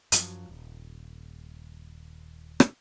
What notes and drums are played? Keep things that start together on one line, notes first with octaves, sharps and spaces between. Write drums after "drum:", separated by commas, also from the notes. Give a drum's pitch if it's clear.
F#2 F3 F#3, drum: hi-hat
D#1
drum: rim click